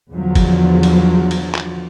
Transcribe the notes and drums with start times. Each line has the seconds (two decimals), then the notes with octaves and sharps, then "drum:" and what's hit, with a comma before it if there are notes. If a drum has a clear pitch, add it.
0.12 E2 D3 F3 F#3
0.35 drum: kick G1, cymbal
0.83 drum: cymbal
1.31 drum: cymbal
1.55 drum: clap